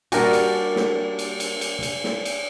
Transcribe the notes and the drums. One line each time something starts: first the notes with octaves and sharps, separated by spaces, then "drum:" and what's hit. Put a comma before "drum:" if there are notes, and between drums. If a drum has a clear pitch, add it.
G3 A#3 D4 F#4 G4 A#4 G#5, drum: cymbal
drum: cymbal
drum: snare
drum: cymbal
drum: cymbal
drum: cymbal
drum: cymbal
drum: snare
drum: cymbal